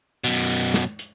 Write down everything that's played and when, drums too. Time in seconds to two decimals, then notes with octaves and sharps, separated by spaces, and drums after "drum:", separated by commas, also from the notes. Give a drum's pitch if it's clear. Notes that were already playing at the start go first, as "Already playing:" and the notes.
0.24 F#2 B2
0.49 drum: hi-hat
0.74 drum: snare
0.99 drum: hi-hat